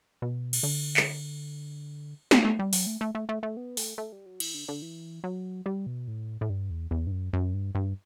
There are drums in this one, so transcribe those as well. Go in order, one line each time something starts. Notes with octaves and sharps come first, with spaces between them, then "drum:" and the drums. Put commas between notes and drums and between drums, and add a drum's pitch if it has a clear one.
B2
drum: cymbal
D3
drum: clap
A3, drum: snare
A3
G3
F#3, drum: open hi-hat
A3
A3
A3
A3
A3
B3
A3, drum: open hi-hat
A3
G3
F#3
E3, drum: cymbal
D3
D3
E3
F#3
G3
B2
A2
A2
G2
E2
E2
G2
F#2
F#2
G2
G2